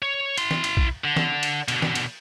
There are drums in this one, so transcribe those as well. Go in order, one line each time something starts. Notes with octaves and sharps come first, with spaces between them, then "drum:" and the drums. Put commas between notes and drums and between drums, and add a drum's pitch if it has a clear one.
C#5
E4 C6, drum: cymbal
drum: snare
drum: cymbal
drum: kick
D3
drum: snare
drum: cymbal
B2 D3, drum: cymbal
drum: snare
drum: cymbal